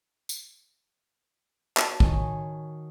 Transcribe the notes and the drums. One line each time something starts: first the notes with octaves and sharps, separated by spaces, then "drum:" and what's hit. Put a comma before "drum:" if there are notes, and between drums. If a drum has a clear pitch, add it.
drum: tambourine
F#4 C#5 A5, drum: clap
D#3 G#5, drum: kick